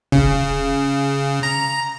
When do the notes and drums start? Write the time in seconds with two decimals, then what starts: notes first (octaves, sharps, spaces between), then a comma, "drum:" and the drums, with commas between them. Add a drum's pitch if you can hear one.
0.12 C#3, drum: kick
1.43 A#5